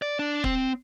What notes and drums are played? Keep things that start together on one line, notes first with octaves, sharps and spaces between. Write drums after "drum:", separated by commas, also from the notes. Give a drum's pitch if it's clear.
D5
D4
C4, drum: kick